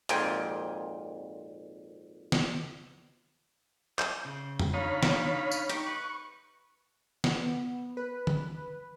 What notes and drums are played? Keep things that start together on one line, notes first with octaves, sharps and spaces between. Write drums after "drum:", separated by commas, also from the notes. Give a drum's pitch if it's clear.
G#1 F2 A#2 F3 G5 G#5, drum: hi-hat
drum: snare
G6, drum: clap
C#3
drum: tom F2
D4 D#4 C#5 F5 B5
drum: snare
drum: tambourine
D#4 G4 C#6, drum: hi-hat
B4
B3, drum: snare
B4
drum: tom D3